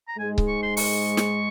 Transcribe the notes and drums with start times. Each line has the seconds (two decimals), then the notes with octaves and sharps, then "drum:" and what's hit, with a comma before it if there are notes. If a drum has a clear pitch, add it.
0.08 A#5
0.19 G#2 G#3 G#5
0.38 drum: kick C#1
0.48 C#6
0.63 C6
0.77 C#6, drum: open hi-hat
1.17 drum: snare